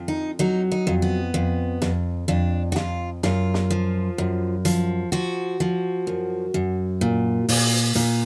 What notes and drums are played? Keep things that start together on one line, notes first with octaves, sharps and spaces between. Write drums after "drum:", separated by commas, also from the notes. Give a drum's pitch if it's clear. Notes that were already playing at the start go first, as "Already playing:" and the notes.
Already playing: F2
D#4
F#3 D#4
D#4
F2
B3
F2
F2, drum: snare
F2 D4
F#4
F2 F4, drum: snare
F#2 F4, drum: snare
drum: snare
F3
F#2
F3, drum: hi-hat
F3 F#4
F3
F#2
F#2
A#2
A#2, drum: open hi-hat
A#2, drum: hi-hat